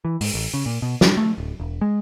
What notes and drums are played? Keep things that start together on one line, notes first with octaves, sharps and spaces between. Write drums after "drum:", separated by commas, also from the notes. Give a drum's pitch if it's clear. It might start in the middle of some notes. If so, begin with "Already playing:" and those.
E3
G#2, drum: open hi-hat
A1
C#3
A#2
B2
G3, drum: snare
A3
D1
E1
G#3